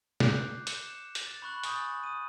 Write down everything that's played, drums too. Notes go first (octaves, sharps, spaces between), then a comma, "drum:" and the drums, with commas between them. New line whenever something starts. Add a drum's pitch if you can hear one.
D6 F#6 G6 C7, drum: snare
C#7 E7, drum: hi-hat
drum: hi-hat
A6
B5 C#6 F#6 F#7
G#5 C#6 D#6 G6 A6, drum: hi-hat
D#6 D#7